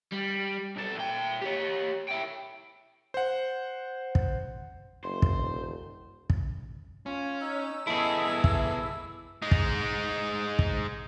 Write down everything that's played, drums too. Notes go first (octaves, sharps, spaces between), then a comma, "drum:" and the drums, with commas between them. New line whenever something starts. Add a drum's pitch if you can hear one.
G3
B1 A4
A#2 G5
G4 C#5
E4 G5
C5 F#5
drum: kick
F#1 C5
drum: kick
E1
drum: kick
C#4 F4
D#4 E6
B3 E4 G#4 A4 D#5
E5, drum: kick
G#3 D#4
drum: kick
drum: kick